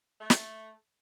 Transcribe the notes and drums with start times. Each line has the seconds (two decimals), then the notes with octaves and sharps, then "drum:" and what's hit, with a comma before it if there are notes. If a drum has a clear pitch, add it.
0.21 A3
0.30 drum: snare